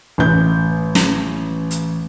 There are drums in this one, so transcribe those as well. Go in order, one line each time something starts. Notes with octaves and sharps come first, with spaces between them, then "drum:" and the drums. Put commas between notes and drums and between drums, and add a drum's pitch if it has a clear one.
A1 G6
drum: snare
drum: hi-hat